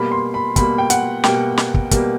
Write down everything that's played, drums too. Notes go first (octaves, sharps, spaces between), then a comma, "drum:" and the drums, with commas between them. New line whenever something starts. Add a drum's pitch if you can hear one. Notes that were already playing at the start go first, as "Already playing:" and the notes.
Already playing: B2 G3 A#3 B5
C6
B5
B2 G3 A#3 B5, drum: kick, hi-hat
G5
F#5, drum: hi-hat
B2 G3 A#3 G5, drum: snare
drum: snare
drum: kick
B2 G3 A#3, drum: kick, hi-hat